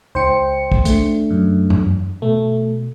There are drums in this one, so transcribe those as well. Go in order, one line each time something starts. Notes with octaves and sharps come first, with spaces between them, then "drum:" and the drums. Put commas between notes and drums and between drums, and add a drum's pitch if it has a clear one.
C#2 D#4 C5 G5 C#7
drum: kick
A3 D4, drum: hi-hat
F#2
drum: tom F#2
B2 A3